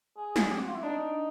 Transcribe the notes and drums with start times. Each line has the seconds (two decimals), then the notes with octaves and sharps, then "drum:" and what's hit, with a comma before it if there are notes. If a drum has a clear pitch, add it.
0.17 G#4
0.36 drum: snare
0.51 C4 G4
0.59 F#4
0.67 F4
0.75 E4
0.83 D4 D#4